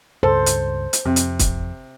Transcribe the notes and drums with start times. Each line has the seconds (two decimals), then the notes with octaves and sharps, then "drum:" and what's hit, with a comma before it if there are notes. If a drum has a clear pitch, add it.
0.23 C#2 G2 C#3 A4 C5
0.46 drum: hi-hat
0.93 drum: hi-hat
1.05 F2 C3
1.16 drum: hi-hat
1.39 drum: kick, hi-hat